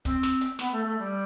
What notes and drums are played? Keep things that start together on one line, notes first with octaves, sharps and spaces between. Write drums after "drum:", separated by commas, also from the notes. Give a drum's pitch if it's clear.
C4, drum: kick, hi-hat
drum: snare
drum: hi-hat
B3, drum: snare
A3
A3
G3